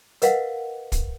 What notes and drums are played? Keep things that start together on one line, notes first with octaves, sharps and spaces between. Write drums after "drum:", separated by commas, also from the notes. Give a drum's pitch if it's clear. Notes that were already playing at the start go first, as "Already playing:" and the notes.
A#4 B4 D#5 F5 F#5, drum: hi-hat
drum: kick, hi-hat